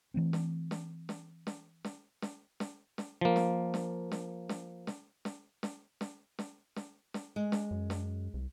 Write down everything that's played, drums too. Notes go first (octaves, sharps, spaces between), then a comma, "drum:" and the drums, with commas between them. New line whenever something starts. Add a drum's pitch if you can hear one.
E3 A3 C4
drum: snare
drum: snare
drum: snare
drum: snare
drum: snare
drum: snare
drum: snare
drum: snare
F3 A#3
drum: snare
drum: snare
drum: snare
drum: snare
drum: snare
drum: snare
drum: snare
drum: snare
drum: snare
drum: snare
drum: snare
G#3
drum: snare
F#2
drum: snare
C2